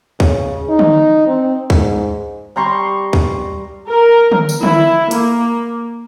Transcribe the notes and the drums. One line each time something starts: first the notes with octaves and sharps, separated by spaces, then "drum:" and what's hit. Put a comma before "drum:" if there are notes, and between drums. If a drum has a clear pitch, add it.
C#3, drum: kick
D#4
drum: tom
C4
G#2, drum: kick
G3 A#5 C6 C#6
drum: kick
A#4
drum: tom
drum: tambourine
E4, drum: tom
A#3, drum: hi-hat